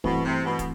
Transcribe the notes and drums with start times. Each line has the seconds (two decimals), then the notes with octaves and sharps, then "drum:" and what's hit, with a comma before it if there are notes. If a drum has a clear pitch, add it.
0.04 G2 B2 E3 A3 C4, drum: kick
0.25 C3
0.46 B2
0.59 drum: kick, hi-hat